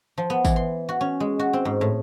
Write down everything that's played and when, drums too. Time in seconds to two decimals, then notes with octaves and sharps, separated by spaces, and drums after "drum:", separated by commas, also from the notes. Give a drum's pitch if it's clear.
0.18 F3
0.30 B3
0.45 E3, drum: kick, tambourine
0.56 C6
0.89 F#4
1.01 C#4
1.20 G#3
1.39 F#4
1.53 C4
1.65 G#2
1.81 A2